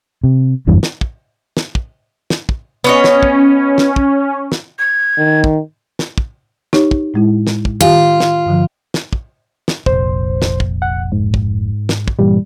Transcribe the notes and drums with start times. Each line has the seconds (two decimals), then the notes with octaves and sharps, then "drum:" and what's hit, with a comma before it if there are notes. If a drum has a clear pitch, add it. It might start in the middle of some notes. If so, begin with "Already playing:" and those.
0.24 C3
0.67 F#1 E2 G2 E3
0.83 drum: snare
1.01 drum: kick
1.57 drum: snare
1.75 drum: kick
2.30 drum: snare
2.49 drum: kick
2.84 B3 C#4 C#5 D#5
3.04 drum: snare
3.23 drum: kick
3.78 drum: snare
3.96 drum: kick
4.52 drum: snare
4.79 G#6
5.19 D#3
5.44 drum: kick
5.99 drum: snare
6.18 drum: kick
6.73 D#4 G4 C#5, drum: snare
6.91 drum: kick
7.14 A2 G#3 E4
7.47 drum: snare
7.65 drum: kick
7.81 D#3 F4 G4 G#5
8.20 drum: snare
8.46 G2 D3 F3
8.94 drum: snare
9.13 drum: kick
9.68 drum: snare
9.86 F1 A#1 C5, drum: kick
10.42 drum: snare
10.60 drum: kick
10.82 F#5
11.12 G#2
11.34 drum: kick
11.89 drum: snare
12.08 drum: kick
12.19 G2 A#2 E3 G3